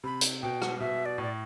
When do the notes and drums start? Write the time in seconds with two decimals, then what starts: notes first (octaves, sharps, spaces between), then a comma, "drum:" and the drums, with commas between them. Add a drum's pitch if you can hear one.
0.04 C3 B5
0.21 drum: hi-hat
0.42 B2 G5
0.62 F#5, drum: rim click
0.80 B2 E5
1.05 D5
1.18 A2 D5